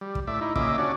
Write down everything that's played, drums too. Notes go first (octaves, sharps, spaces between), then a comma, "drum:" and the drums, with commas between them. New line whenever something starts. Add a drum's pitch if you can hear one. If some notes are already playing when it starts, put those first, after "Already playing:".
G3
drum: kick
A2 D5 E5
D#4 E4
A#2 C#3 D#5 E5 D6, drum: kick
C#4 D4 F#4 D5